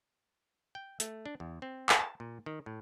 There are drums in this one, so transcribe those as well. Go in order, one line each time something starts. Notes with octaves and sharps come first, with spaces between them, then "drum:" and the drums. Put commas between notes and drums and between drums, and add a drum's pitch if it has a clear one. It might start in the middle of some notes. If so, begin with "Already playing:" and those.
G5
A3, drum: hi-hat
D4
E2
C4
drum: clap
A5
A#2
D#3
A2